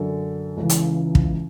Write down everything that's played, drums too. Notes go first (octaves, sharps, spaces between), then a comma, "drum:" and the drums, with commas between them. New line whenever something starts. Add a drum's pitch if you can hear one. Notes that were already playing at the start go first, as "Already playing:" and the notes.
Already playing: F#2 D3 A4
C#2 C#3 E3
drum: hi-hat
drum: kick